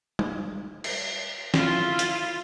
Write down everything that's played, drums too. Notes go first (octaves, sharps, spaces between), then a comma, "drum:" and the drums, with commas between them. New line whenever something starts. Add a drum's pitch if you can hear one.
drum: tom
drum: cymbal
E4 F4, drum: snare
drum: hi-hat